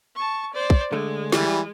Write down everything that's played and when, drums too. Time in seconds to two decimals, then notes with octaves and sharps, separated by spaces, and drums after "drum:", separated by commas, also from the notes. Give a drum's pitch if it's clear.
0.15 A5 C#6
0.54 C5 D5
0.70 drum: kick
0.92 D3 G#3 A3
1.32 E3 G3, drum: snare